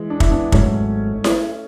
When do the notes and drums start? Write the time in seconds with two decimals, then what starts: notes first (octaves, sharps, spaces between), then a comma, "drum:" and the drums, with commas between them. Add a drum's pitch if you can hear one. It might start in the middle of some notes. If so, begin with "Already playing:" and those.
Already playing: E3 G#3
0.10 D4
0.20 E4, drum: kick
0.30 B3 D4
0.52 G#1 G#2 F#3 A3 C#4, drum: kick
1.24 drum: snare E4